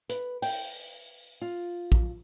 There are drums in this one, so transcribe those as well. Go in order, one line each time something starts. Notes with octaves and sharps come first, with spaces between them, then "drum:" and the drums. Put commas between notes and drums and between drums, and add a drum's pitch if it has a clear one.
B4, drum: hi-hat
G5, drum: open hi-hat
F4
drum: kick